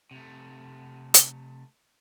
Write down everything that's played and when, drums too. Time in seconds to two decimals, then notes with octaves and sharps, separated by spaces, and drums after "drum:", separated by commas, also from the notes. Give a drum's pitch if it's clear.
0.11 C3 A3
1.14 drum: hi-hat